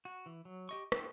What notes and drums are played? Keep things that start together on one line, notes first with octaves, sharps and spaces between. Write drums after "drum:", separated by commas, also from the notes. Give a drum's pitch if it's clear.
F#4
E3
F#3
G4 D#5 C#6
D4 E4 A4 F#5 G5, drum: rim click